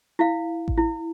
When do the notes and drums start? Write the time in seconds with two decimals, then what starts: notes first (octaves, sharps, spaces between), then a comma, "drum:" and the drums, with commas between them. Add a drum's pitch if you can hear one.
0.19 E4 F5
0.68 drum: kick A1
0.77 E4